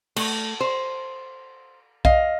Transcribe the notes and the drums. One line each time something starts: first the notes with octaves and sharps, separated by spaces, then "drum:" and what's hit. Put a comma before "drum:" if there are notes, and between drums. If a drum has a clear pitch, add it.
A3, drum: cymbal
C5
D#5 F5, drum: kick B1